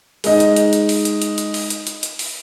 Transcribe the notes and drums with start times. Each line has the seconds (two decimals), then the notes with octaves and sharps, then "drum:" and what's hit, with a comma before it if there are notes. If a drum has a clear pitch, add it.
0.24 G#3 D#4, drum: open hi-hat
0.40 drum: hi-hat
0.56 drum: hi-hat
0.73 drum: hi-hat
0.89 drum: open hi-hat
1.05 drum: hi-hat
1.22 drum: hi-hat
1.38 drum: hi-hat
1.54 drum: open hi-hat
1.70 drum: hi-hat
1.87 drum: hi-hat
2.03 drum: hi-hat
2.19 drum: open hi-hat